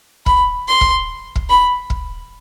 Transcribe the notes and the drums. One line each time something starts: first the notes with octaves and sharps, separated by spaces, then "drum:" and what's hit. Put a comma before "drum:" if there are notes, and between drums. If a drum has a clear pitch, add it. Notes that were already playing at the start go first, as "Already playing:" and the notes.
B5, drum: kick
C6
drum: kick
drum: kick
B5
drum: kick